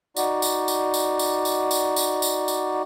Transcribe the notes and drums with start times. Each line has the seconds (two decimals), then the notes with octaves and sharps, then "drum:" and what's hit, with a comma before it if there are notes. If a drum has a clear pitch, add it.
0.17 D#4 F#4 D5, drum: tambourine
0.42 drum: tambourine
0.68 drum: tambourine
0.94 drum: tambourine
1.19 drum: tambourine
1.45 drum: tambourine
1.71 drum: tambourine
1.96 drum: tambourine
2.22 drum: tambourine
2.48 drum: tambourine